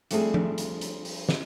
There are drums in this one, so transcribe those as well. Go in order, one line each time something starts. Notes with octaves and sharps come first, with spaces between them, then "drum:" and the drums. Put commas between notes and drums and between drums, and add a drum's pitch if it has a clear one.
F3 G3 A3 C4 D4 G#4, drum: hi-hat
drum: tom F3
drum: hi-hat
drum: hi-hat
drum: open hi-hat
drum: snare